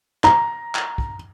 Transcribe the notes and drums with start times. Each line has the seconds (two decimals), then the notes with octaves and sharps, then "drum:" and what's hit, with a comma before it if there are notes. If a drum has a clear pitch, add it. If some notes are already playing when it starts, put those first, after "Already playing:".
0.24 A#5, drum: clap
0.75 drum: clap
0.98 drum: kick